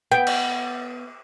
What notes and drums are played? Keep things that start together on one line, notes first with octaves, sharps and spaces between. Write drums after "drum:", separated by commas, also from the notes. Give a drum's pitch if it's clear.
B3 G5
drum: cymbal